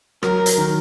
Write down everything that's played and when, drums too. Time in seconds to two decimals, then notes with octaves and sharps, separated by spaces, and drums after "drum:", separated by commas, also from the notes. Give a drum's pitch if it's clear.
0.23 F#3 A#4, drum: rim click
0.46 drum: hi-hat
0.58 D#3